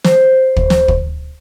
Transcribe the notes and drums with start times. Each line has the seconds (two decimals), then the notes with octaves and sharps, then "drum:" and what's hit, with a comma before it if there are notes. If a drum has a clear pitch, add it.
0.04 C5, drum: snare
0.56 drum: kick
0.70 drum: snare
0.88 drum: kick